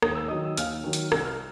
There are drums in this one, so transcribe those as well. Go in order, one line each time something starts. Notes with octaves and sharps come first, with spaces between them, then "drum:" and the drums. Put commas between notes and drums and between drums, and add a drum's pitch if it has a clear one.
D#2 D#6, drum: rim click
E6
D#3 F#3 D#5 D#6
E6
D#2 F5 F6, drum: hi-hat
D#3 F#3
drum: hi-hat
C2 E6, drum: rim click
F6